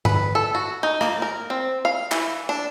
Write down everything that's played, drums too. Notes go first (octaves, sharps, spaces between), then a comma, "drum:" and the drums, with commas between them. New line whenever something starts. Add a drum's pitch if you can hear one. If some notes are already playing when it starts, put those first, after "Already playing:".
B4, drum: tom G2
A4
F#4
D#4
A#3, drum: rim click
A#4
C4
F5
E3, drum: clap
D4